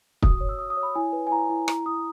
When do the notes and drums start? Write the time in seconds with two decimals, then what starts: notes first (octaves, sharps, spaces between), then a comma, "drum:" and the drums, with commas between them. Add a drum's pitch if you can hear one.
0.22 F#4 D#6, drum: kick
0.41 C#5
0.49 E6
0.58 C#5 D#6
0.70 D#6
0.77 C#5
0.83 B5
0.95 E4 G#5
1.13 B4
1.27 G#5
1.31 E4 A#5
1.50 E4
1.68 E4 A#5, drum: rim click
1.86 E4 D#6